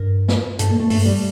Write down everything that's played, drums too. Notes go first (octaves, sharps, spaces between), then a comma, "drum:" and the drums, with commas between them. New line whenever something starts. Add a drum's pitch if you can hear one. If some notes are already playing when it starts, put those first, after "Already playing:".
Already playing: G2 A#4
drum: snare
G2 A4, drum: hi-hat
A#3
A3
G2 A3, drum: open hi-hat
G3